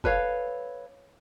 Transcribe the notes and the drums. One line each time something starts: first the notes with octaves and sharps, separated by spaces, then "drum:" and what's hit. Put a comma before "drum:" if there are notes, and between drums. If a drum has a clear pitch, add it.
A4 B4 C#5 F5, drum: kick F1